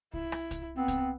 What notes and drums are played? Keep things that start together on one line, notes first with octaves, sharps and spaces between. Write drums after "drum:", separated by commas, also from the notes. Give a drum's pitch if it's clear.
E4, drum: kick C2
drum: rim click
drum: kick C2, hi-hat
B3 C4
drum: kick C2, hi-hat